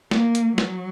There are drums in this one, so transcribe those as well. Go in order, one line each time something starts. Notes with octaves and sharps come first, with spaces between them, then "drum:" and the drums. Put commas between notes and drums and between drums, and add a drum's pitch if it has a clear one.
A#3, drum: snare
drum: hi-hat
F#3, drum: snare